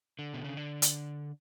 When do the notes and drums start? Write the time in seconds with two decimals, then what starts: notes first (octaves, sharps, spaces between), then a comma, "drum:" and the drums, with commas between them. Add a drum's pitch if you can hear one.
0.19 D3
0.34 B2
0.45 C#3
0.57 D3
0.82 drum: hi-hat